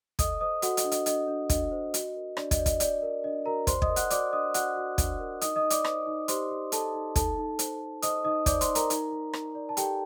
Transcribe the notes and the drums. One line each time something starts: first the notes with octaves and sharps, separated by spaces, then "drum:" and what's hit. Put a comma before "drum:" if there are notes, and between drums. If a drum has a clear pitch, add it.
A4 D#5 D#6, drum: kick, hi-hat
C5 D#5 D#6
F#4 A4 F#5, drum: hi-hat
D#5, drum: hi-hat
D4
D#5, drum: hi-hat
D4 D#5, drum: hi-hat
D4
D4 D#5, drum: kick, hi-hat
C5
F#4, drum: hi-hat
A#4
D4 D5, drum: rim click
D#5, drum: kick, hi-hat
D5
D#5, drum: kick, hi-hat
D5, drum: hi-hat
A#4
D4 D#5
F#4 A#4 A#5
C5 D5 C6, drum: kick, hi-hat
D#5 D#6, drum: kick
A#4
F#5 F#6, drum: hi-hat
F#4 D5 D6, drum: hi-hat
D4 D#5 D#6
F#4 F#5 F#6, drum: hi-hat
F#4
D4, drum: kick, hi-hat
A#4
D#4 D#5 D#6, drum: hi-hat
D#5 D#6
D#4
D5 D6, drum: hi-hat
C5, drum: rim click
D#4
G4 C5 C6, drum: hi-hat
G4
A4 C5 A5, drum: hi-hat
D#4
D#4 A4 A5, drum: kick, hi-hat
D#4
C5, drum: hi-hat
A4
C5 D#5 D#6, drum: hi-hat
D#4 D#5 D#6
C5 D5 D6, drum: kick, hi-hat
C5 C6, drum: hi-hat
D#4
A#4 A#5, drum: hi-hat
D#4, drum: hi-hat
D#4
D#4, drum: rim click
D5
A5
G4 A4 G5, drum: hi-hat